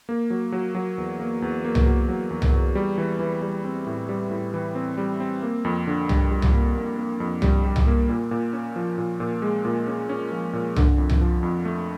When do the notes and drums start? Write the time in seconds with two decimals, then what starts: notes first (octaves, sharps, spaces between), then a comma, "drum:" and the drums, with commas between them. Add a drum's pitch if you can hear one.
0.09 A#3
0.30 F#3
0.52 F#3
0.75 F#3
0.98 E2
1.20 A#3
1.42 E2
1.65 A#3
1.75 drum: tom C2
1.86 F#3
2.08 F#3
2.31 E2
2.42 drum: tom C2
2.54 E2
2.75 G3
2.98 E3
3.20 E3
3.42 G3
3.64 C4
3.87 A2
4.09 G3
4.31 A2
4.54 E3
4.75 C4
4.98 G3
5.20 C4
5.43 A#3
5.65 F2
5.87 D3
6.09 G3, drum: tom C2
6.31 G3
6.42 drum: tom C2
6.53 A#3
6.75 A#3
6.98 A#3
7.20 F2
7.42 G3, drum: tom C2
7.64 G3
7.76 drum: tom C2
7.87 A#3
8.09 A#2
8.31 A#2
8.53 C#4
8.76 F3
8.98 A#2
9.20 A#2
9.42 G#3
9.65 A#2
9.87 C#4
10.09 C#4
10.32 F3
10.53 A#2
10.76 D3, drum: tom C2
10.98 F2
11.10 drum: tom C2
11.21 F3
11.43 F2
11.65 A3